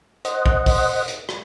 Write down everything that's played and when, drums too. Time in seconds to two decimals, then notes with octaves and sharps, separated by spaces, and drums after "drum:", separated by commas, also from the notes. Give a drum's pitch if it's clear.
0.25 C5 D#5 F#5, drum: hi-hat
0.46 drum: kick
0.66 drum: kick, open hi-hat
1.08 drum: hi-hat
1.29 drum: rim click